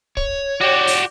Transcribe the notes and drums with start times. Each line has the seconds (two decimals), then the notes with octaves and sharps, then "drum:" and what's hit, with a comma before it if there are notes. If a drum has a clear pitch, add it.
0.17 C#5, drum: kick
0.61 F#4 G4 D5
0.87 drum: open hi-hat